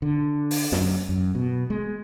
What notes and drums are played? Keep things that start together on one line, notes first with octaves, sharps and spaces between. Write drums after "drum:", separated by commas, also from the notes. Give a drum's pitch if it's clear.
D3
drum: open hi-hat
F#2, drum: snare
F#2
B2
G#3